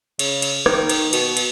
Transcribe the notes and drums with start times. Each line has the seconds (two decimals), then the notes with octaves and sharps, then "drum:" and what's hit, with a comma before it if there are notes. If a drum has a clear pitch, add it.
0.19 C#3, drum: cymbal
0.42 drum: cymbal
0.66 D#3, drum: rim click
0.90 drum: cymbal
1.13 B2, drum: cymbal
1.37 drum: cymbal